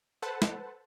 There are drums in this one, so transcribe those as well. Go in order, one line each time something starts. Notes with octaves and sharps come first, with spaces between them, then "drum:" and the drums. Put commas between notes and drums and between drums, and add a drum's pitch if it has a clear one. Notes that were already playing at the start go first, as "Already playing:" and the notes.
A4 B4 C5 F#5 A5
drum: snare